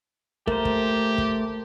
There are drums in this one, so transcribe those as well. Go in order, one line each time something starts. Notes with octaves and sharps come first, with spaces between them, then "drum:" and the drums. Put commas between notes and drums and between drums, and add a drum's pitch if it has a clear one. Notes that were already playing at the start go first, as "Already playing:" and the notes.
A3 G4 A#4 C5, drum: kick
drum: kick
drum: kick